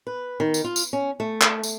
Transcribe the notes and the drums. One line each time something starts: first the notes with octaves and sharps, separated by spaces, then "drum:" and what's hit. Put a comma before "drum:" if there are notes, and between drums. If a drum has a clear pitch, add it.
B4
D#3
drum: tambourine
F4
drum: tambourine
C#4
A3
drum: clap
drum: tambourine